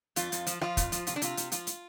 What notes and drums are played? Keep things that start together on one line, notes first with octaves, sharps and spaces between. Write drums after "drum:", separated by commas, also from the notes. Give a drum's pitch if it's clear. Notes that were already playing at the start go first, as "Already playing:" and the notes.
F2 F4, drum: hi-hat
F2, drum: hi-hat
F3, drum: hi-hat
F3 F4, drum: rim click
F2, drum: kick, hi-hat
F3, drum: hi-hat
C3 F4, drum: hi-hat
D4
C3 F4, drum: hi-hat
C3, drum: hi-hat
F3 F4, drum: hi-hat
drum: hi-hat